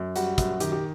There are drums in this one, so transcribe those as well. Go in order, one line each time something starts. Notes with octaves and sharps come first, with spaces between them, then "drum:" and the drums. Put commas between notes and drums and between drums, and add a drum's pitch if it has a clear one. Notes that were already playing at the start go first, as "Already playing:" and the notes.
Already playing: F#2
G3 F#4, drum: hi-hat
F#2, drum: kick, hi-hat
D#3 G4, drum: hi-hat
G4